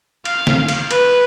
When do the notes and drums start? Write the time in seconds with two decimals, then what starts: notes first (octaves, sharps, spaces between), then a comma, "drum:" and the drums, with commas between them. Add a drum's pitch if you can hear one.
0.25 F5, drum: cymbal
0.47 drum: snare
0.68 drum: cymbal
0.91 B4, drum: cymbal